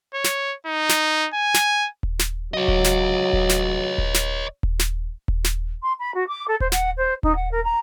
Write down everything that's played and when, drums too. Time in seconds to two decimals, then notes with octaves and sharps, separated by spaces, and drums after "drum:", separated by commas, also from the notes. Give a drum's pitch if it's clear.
0.14 C#5
0.24 drum: snare
0.67 D#4
0.89 drum: snare
1.34 G#5
1.54 drum: snare
2.03 drum: kick D#1
2.19 drum: snare
2.54 F#3 C#5 D#5
2.68 drum: kick D#1
2.84 drum: snare
3.33 drum: kick D#1
3.49 drum: snare
3.98 drum: kick D#1
4.14 drum: snare
4.63 drum: kick D#1
4.79 drum: snare
5.28 drum: kick D#1
5.44 drum: snare
5.82 C6
5.99 B5
6.14 F#4
6.28 D6
6.48 A4
6.60 C5, drum: kick D#1
6.72 F#5, drum: snare
6.97 C5
7.23 D#4, drum: kick D#1
7.36 F#5
7.52 A#4
7.64 A#5